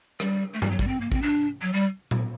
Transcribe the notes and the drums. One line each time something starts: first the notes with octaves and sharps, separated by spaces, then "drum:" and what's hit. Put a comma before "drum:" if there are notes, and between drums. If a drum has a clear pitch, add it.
G3, drum: rim click
A3
G3, drum: tom G2
F#3
G3, drum: kick
C4
A#3
C4, drum: kick
D4
F#3
G3
drum: tom A#2